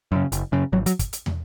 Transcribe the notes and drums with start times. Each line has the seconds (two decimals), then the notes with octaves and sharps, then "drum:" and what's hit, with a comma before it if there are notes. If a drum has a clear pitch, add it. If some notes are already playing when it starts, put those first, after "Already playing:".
0.12 F#2 C#3
0.32 F#1, drum: hi-hat
0.52 F#2 C#3
0.73 G#1 F#3
0.86 F#3, drum: hi-hat
0.99 drum: kick, hi-hat
1.13 drum: hi-hat
1.26 drum: tom